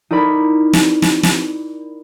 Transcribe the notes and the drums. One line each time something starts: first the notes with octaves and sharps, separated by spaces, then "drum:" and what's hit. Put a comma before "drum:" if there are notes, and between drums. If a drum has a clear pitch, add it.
D#4 E4 A#4 D5 B5
drum: snare
drum: snare
drum: snare